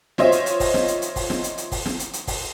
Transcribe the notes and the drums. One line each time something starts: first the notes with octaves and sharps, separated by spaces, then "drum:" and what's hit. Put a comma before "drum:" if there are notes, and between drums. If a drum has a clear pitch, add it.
F4 C5 C#5 D#5 E5, drum: snare
drum: hi-hat
drum: hi-hat
drum: kick, open hi-hat
drum: snare
drum: hi-hat
drum: hi-hat
drum: kick, open hi-hat
drum: snare
drum: hi-hat
drum: hi-hat
drum: kick, open hi-hat
drum: snare
drum: hi-hat
drum: hi-hat
drum: kick, open hi-hat